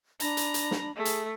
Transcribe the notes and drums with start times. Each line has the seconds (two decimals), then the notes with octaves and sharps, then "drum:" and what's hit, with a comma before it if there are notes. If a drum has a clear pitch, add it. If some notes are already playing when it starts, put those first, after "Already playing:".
0.20 D4 A#5 B5, drum: hi-hat
0.37 drum: hi-hat
0.54 drum: hi-hat
0.71 drum: snare
0.96 A3 G#4
1.05 drum: hi-hat